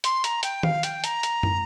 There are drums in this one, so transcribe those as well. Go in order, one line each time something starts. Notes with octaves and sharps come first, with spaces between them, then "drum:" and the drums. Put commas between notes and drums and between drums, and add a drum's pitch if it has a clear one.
C6, drum: hi-hat
A#5, drum: hi-hat
G5, drum: hi-hat
F5, drum: tom D#3
G5, drum: hi-hat
A#5, drum: hi-hat
drum: hi-hat
drum: tom